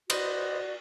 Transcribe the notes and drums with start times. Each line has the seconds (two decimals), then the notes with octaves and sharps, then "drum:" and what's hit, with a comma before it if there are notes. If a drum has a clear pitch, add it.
0.10 F#4 B4 C5 D5 D#5, drum: cymbal